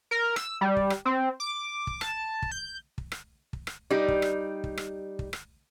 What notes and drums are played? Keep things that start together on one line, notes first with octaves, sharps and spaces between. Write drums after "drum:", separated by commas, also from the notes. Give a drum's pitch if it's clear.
A#4
E6, drum: rim click
G3
drum: kick
drum: rim click
C4
D6
drum: kick
A5, drum: rim click
drum: kick
G6
drum: kick
drum: rim click
drum: kick
drum: rim click
G3 D#4 G4
drum: kick
drum: rim click
drum: kick
drum: rim click
drum: kick
drum: rim click